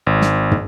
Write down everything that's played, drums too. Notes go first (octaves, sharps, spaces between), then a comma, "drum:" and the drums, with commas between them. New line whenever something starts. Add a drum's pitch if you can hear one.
G#1
drum: snare
drum: tom